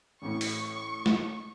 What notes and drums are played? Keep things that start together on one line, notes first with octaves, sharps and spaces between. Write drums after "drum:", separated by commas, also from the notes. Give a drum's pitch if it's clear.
A1 A2 C#6
drum: open hi-hat
drum: snare